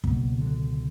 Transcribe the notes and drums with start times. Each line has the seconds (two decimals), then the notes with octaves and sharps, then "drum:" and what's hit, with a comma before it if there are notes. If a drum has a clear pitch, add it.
0.04 C#2 B2 F#3 A#3, drum: kick
0.38 D3 F#3